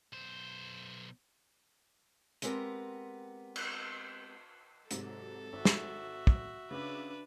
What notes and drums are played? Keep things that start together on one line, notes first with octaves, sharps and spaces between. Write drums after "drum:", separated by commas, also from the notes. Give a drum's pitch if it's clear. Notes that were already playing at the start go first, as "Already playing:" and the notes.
B1 C5
G#3 B3 C4 G4 A#4, drum: hi-hat
drum: cymbal
G#2 C3 F#3 A4, drum: hi-hat
G#1 F#4 E5
drum: snare
drum: kick
C#3 D4 B4 D6 E6